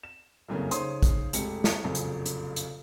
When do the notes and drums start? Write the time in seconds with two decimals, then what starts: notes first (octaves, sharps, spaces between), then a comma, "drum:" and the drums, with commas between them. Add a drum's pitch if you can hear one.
0.03 E7
0.48 F1 C2 F#2 C#3 A#3 C#4
0.71 C#3 D#4 C5 C#5 C6 D#6, drum: hi-hat
1.03 drum: kick, hi-hat
1.33 F1 G#3 A3 G4 C#7, drum: hi-hat
1.64 drum: snare
1.84 F1 A#1 F#2 C#3
1.95 drum: hi-hat
2.26 drum: hi-hat
2.56 drum: hi-hat